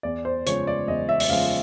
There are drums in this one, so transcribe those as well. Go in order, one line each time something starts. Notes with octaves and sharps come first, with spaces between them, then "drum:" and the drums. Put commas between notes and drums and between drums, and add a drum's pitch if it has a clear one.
E2 D5
C5
C#3 F3 G#3 C#5, drum: hi-hat
D5
E2 D#5
E5
drum: open hi-hat
C#3 F3 G#3 F5